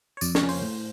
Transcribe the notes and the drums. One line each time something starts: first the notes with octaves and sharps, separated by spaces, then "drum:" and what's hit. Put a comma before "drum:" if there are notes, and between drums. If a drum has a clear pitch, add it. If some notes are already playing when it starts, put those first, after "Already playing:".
C#5
F2 D5, drum: tambourine
C#5, drum: snare
C#3 F3 A#3 C#4
C5, drum: open hi-hat
A2